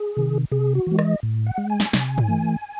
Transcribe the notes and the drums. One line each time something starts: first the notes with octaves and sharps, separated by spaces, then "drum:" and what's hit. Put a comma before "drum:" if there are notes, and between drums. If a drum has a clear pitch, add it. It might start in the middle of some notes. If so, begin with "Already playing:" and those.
Already playing: G#4
C3 D#3
C3 G#4
F#4
E3 G#3
D#5, drum: rim click
A2
F#5
G#3
G#5
drum: snare
C3, drum: snare
drum: tom
E3 A3